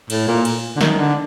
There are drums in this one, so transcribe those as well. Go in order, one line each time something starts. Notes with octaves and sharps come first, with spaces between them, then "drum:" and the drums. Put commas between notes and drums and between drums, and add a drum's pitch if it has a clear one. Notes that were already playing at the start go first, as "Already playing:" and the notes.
A2, drum: cymbal
A#2
drum: cymbal
D3
D#3, drum: snare
D3